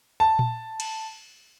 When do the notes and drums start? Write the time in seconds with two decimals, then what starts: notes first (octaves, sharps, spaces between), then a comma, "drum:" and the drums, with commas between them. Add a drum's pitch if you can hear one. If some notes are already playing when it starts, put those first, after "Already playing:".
0.20 A5
0.39 drum: tom A#2
0.80 drum: cymbal